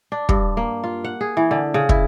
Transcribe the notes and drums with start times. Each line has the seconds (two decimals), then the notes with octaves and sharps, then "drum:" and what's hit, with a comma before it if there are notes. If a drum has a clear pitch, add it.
0.12 D4
0.29 G2, drum: kick
0.57 A#3
0.84 F4
1.04 F#5
1.21 G#4
1.37 E3
1.51 D3
1.74 C#3
1.89 E4, drum: kick